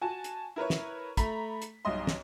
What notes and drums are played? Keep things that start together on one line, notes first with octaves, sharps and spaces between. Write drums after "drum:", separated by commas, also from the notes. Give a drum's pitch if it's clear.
F#4 G#5 A5
drum: hi-hat
E4 A#4 B4 C#5
drum: snare
A3 A#5 B5 B6, drum: kick, hi-hat
drum: hi-hat
B1 G2 D#5 C6
drum: snare